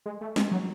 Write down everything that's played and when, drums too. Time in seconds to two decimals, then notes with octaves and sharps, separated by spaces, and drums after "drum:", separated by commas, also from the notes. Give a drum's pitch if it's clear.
0.06 G#3
0.21 A3
0.36 G#3, drum: snare
0.51 F#3